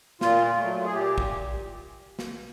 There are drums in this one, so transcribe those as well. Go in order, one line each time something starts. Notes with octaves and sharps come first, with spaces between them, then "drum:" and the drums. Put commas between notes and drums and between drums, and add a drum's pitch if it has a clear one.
A#2 F4, drum: snare
F#3 A3
G#4
A#2 G4
drum: kick
drum: snare